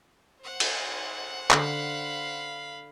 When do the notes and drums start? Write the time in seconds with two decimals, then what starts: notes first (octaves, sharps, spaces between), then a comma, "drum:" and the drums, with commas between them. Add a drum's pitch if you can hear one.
0.41 C5 F#5
0.60 drum: cymbal
1.51 D3 F5 B5, drum: clap